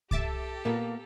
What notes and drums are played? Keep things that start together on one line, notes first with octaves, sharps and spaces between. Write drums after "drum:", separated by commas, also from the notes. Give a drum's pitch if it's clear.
G4 A4 E5 A5 D6, drum: kick C2
A#2 A#3 B3